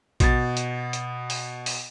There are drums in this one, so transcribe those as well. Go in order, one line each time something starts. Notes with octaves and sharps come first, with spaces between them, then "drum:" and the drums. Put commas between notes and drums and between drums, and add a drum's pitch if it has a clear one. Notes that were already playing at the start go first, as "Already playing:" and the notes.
B2 A6, drum: kick A1, hi-hat
drum: hi-hat
drum: hi-hat
drum: open hi-hat
drum: open hi-hat